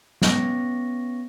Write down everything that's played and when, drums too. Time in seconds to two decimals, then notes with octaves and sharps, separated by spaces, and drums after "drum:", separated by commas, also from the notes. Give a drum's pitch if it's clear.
0.22 B3 C#4 C#6 A#6, drum: snare